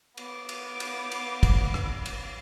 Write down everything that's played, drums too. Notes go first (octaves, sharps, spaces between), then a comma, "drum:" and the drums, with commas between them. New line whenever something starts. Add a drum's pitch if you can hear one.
B3 D6, drum: cymbal
drum: cymbal
drum: cymbal
drum: cymbal
drum: kick, cymbal
drum: rim click
drum: cymbal